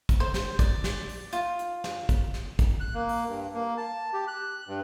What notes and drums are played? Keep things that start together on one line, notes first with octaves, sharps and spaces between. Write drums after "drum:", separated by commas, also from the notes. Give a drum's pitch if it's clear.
drum: kick, hi-hat
C5
drum: snare
D5, drum: kick, hi-hat
drum: snare
drum: open hi-hat
F4, drum: hi-hat
drum: hi-hat
drum: snare
drum: kick, hi-hat
drum: snare
drum: kick, hi-hat
F#6
A#3
drum: open hi-hat
G2
A#3
A5
G4
F#6
G2